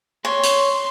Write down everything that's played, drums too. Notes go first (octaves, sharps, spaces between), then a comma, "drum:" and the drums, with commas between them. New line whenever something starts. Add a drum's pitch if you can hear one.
C#5 C6
drum: hi-hat